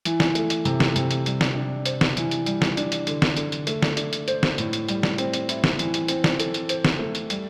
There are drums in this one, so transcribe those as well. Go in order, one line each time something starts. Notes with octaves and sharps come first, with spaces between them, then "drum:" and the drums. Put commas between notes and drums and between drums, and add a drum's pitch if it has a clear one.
E3, drum: hi-hat
drum: snare
A3, drum: hi-hat
drum: hi-hat
C3, drum: hi-hat
drum: snare
C3, drum: hi-hat
drum: hi-hat
G3, drum: hi-hat
drum: snare
D4
C5, drum: hi-hat
drum: snare
E3, drum: hi-hat
drum: hi-hat
G3, drum: hi-hat
drum: snare
D4, drum: hi-hat
drum: hi-hat
D3, drum: hi-hat
drum: snare
D3, drum: hi-hat
drum: hi-hat
A3, drum: hi-hat
drum: snare
D4, drum: hi-hat
drum: hi-hat
C5, drum: hi-hat
drum: snare
A2, drum: hi-hat
drum: hi-hat
G3, drum: hi-hat
drum: snare
C4, drum: hi-hat
drum: hi-hat
E4, drum: hi-hat
drum: snare
E3, drum: hi-hat
drum: hi-hat
C4, drum: hi-hat
drum: snare
A4, drum: hi-hat
drum: hi-hat
C5, drum: hi-hat
drum: snare
A3
drum: hi-hat
G3, drum: hi-hat